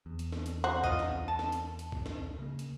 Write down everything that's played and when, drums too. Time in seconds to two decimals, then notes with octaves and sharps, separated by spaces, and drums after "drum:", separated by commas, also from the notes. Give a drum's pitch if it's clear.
0.06 E2
0.19 drum: hi-hat
0.32 drum: snare
0.46 drum: hi-hat
0.64 F#4 C5
0.84 F4 D#5, drum: kick
0.99 drum: snare
1.28 A5
1.39 drum: snare
1.52 drum: hi-hat
1.79 drum: hi-hat
1.92 drum: kick
2.06 drum: snare
2.39 C#3 A#3
2.59 drum: hi-hat